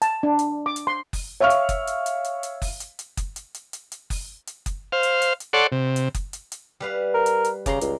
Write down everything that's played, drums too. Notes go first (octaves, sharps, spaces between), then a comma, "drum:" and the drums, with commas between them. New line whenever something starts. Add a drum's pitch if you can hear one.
A5, drum: hi-hat
D4
drum: hi-hat
D6
drum: hi-hat
C6
drum: kick F#1, open hi-hat
C#5 E5 F5 C#6 F6
drum: hi-hat
drum: kick F#1, hi-hat
drum: hi-hat
drum: hi-hat
drum: hi-hat
drum: hi-hat
drum: kick F#1, open hi-hat
drum: hi-hat
drum: hi-hat
drum: kick F#1, hi-hat
drum: hi-hat
drum: hi-hat
drum: hi-hat
drum: hi-hat
drum: kick F#1, open hi-hat
drum: hi-hat
drum: kick F#1, hi-hat
C5 F5
drum: hi-hat
drum: hi-hat
drum: hi-hat
A4 C#5 D5 F#5 C6
C3
drum: hi-hat
drum: kick F#1, hi-hat
drum: hi-hat
drum: hi-hat
G3 B4 F5
A#4
drum: hi-hat
drum: hi-hat
C#3 D5 A#5 C6, drum: kick F#1, hi-hat
C#2, drum: hi-hat